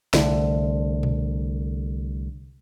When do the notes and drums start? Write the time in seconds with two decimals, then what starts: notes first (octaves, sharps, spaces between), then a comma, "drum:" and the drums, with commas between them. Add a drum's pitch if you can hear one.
0.14 C2 D3 A3, drum: snare
1.03 drum: tom A#2